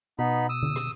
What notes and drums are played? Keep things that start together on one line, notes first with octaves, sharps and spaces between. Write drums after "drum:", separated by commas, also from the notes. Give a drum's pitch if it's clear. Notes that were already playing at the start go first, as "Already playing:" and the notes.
B2 B3 D#4 B5
D#6 E6
drum: tom D3
drum: rim click